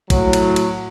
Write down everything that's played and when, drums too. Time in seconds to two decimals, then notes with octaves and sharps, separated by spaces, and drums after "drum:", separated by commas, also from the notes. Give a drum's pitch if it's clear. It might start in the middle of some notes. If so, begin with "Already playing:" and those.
0.10 A2 F#3, drum: kick, cymbal
0.33 drum: cymbal
0.56 drum: cymbal